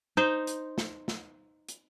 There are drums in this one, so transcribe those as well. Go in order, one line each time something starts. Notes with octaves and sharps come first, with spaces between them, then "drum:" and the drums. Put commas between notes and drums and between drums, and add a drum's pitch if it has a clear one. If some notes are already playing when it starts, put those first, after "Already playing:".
D#4 C5
drum: hi-hat
drum: snare
drum: snare
drum: hi-hat